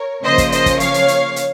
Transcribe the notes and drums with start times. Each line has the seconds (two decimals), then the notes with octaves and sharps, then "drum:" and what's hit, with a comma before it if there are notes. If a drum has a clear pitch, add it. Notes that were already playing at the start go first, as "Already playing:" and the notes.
Already playing: A#4 C#5
0.24 C#3 F3 A#3 C5 D#5
0.38 drum: kick, hi-hat
0.52 C5 D#5, drum: hi-hat
0.66 drum: kick, hi-hat
0.80 C#5 F5, drum: hi-hat
0.94 drum: hi-hat
1.08 drum: hi-hat
1.36 drum: hi-hat